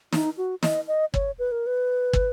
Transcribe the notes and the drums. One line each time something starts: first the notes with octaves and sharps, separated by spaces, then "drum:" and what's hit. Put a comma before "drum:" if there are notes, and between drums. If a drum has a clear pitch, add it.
D#4, drum: snare
F#4
D#5, drum: snare
D#5
C#5, drum: kick
B4
A#4
B4
drum: kick